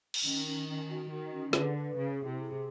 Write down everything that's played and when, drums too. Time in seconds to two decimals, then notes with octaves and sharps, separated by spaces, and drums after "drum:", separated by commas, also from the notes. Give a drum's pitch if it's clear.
0.14 drum: cymbal
0.24 D#3 C#4
0.46 C#4
0.68 C#4
0.89 F#4
1.10 D#3 F#4
1.32 C#4
1.53 D3 B4, drum: snare
1.76 B4
1.96 C#3 G#4
2.18 E4
2.26 C3
2.40 G#4